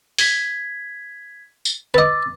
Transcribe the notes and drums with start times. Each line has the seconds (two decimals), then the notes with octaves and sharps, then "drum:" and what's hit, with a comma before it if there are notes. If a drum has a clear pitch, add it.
0.19 G#6 B6, drum: open hi-hat
1.65 drum: tambourine
1.94 B4 D#5 D6 E6 A6